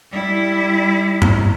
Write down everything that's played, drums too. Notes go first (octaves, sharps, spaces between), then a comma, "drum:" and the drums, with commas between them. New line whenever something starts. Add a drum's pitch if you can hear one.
G3 E4
drum: tom G2